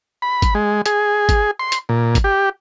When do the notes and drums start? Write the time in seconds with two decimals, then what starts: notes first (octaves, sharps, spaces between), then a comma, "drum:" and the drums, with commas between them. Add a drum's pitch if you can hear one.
0.22 B5
0.42 drum: kick, hi-hat
0.55 G#3
0.86 G#4, drum: hi-hat
1.29 drum: kick, hi-hat
1.59 C6
1.72 drum: hi-hat
1.89 A#2
2.15 drum: kick, hi-hat
2.24 G4